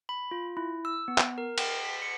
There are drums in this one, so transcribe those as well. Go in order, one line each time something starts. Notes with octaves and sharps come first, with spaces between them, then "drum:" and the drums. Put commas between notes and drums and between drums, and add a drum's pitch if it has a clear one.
B5
F4
E4
E6
B3
drum: clap
A#4
G5, drum: cymbal
B6
C#7